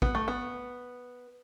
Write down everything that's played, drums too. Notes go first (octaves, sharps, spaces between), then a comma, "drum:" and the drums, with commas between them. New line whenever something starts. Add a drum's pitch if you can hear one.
B3, drum: kick
A3
B3